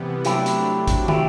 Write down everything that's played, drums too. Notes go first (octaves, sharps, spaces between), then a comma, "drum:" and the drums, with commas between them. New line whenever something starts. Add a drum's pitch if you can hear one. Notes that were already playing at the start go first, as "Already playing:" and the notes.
Already playing: C3 E3 G3 B3
C3 F#3 A3 D4 E4 G4, drum: hi-hat
drum: hi-hat
drum: kick, hi-hat
E4 G4, drum: tom